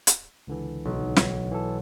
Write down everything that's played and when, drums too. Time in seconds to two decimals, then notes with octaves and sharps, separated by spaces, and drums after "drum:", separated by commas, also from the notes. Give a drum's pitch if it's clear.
0.07 drum: hi-hat
0.47 C#2 D3 E3
0.85 B1
1.16 drum: snare
1.51 E3 A4